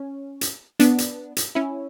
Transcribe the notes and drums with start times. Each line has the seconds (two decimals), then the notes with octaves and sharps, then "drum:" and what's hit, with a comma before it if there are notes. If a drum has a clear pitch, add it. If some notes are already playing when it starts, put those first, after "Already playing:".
Already playing: C#4
0.41 drum: hi-hat
0.79 B3 D4, drum: hi-hat
0.98 drum: hi-hat
1.37 drum: hi-hat
1.55 C#4 E4